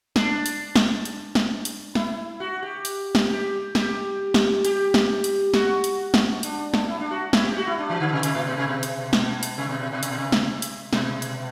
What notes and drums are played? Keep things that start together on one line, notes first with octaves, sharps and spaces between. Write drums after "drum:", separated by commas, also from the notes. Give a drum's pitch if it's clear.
D4, drum: snare
drum: hi-hat
drum: snare
drum: hi-hat
drum: snare
drum: hi-hat
E4, drum: snare
F#4
G4
drum: hi-hat
drum: snare
G4
G4, drum: snare
drum: snare
G4, drum: hi-hat
drum: snare
drum: hi-hat
F#4, drum: snare
drum: hi-hat
drum: snare
D4, drum: hi-hat
drum: snare
E4
D4
F#4
E4, drum: snare
G4
F#4
E4
D4
E3
D3
C3
C3, drum: hi-hat
A2
B2
C3
B2
drum: hi-hat
drum: snare
drum: hi-hat
C3
B2
B2
B2
C3, drum: hi-hat
B2
C3
drum: snare
drum: hi-hat
B2, drum: snare
drum: hi-hat